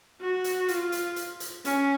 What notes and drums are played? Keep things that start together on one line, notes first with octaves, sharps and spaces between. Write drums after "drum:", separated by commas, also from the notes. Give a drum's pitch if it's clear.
F#4
drum: hi-hat
F4, drum: hi-hat
drum: hi-hat
drum: hi-hat
drum: hi-hat
C#4, drum: hi-hat